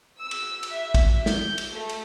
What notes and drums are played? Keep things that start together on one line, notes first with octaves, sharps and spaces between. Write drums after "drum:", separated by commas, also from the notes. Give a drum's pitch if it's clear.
E6
drum: cymbal
drum: cymbal
E5
drum: kick, cymbal
G6, drum: snare
drum: cymbal
A3
drum: cymbal